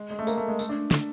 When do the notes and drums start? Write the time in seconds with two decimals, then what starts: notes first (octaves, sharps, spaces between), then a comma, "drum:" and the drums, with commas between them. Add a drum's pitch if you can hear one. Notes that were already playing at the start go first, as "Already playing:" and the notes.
Already playing: G#3
0.11 G#3
0.19 A3
0.27 A#3, drum: tambourine
0.38 A3
0.48 G#3
0.59 A3, drum: tambourine
0.69 D4
0.91 drum: snare